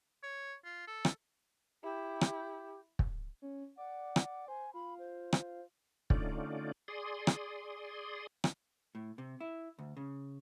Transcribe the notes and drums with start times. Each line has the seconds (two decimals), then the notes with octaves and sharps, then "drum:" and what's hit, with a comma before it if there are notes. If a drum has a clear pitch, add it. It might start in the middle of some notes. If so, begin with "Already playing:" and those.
0.23 C#5
0.64 F4
0.88 A4
1.05 drum: rim click
1.83 E4 G4
2.21 drum: rim click
2.99 drum: kick
3.42 C#4
3.77 D5 F#5
4.16 drum: rim click
4.48 C5 G#5
4.74 F4 B5
4.99 C5
5.33 drum: rim click
6.10 D3 A3 C#4 D#4 F4 D5, drum: kick
6.88 G#4 D5 C6 D#6
7.27 drum: rim click
8.44 drum: rim click
8.95 A2
9.18 C3
9.40 E4
9.79 D2
9.97 C#3